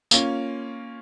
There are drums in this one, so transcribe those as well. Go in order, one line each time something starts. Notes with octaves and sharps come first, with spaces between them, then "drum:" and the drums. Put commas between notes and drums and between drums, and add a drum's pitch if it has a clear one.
A#3 C#4 F4, drum: tambourine